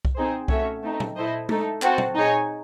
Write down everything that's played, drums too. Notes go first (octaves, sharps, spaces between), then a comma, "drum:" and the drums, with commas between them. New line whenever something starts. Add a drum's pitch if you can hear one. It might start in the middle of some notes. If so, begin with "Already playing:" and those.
drum: kick C2
C4 D#4 G#4 C5
A3 C#4 F#4 C#5 E5, drum: kick C2
A3 C4 D#4
drum: tom
E4 A4 C5 D#5
A3 D#4 A4, drum: tom G#3
C4 F#4 C5 F#5 A5, drum: clap
drum: tom
D#4 G#4 C#5 G#5